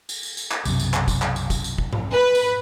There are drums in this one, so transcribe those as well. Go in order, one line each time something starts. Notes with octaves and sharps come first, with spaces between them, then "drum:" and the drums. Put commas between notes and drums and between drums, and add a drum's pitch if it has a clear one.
drum: tambourine
drum: tambourine
drum: tambourine
drum: clap
B1 F#2 C3, drum: tambourine
drum: tambourine
drum: clap
drum: kick, tambourine
drum: clap
drum: tambourine
drum: kick, tambourine
drum: tambourine
drum: kick
drum: tom G#2
B4
drum: tambourine